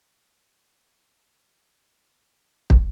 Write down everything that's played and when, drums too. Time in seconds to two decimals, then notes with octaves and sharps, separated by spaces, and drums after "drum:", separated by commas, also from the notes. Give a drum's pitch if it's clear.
0.24 G2 A#3
2.70 drum: kick